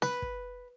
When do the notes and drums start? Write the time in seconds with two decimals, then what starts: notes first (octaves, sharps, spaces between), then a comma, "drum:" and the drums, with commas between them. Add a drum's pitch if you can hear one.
0.02 B4, drum: snare
0.22 drum: kick